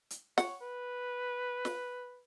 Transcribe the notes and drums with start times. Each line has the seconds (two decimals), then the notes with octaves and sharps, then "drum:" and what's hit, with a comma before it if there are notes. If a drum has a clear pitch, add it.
0.10 drum: hi-hat
0.38 C#5 F#5, drum: snare
0.61 B4
1.65 drum: snare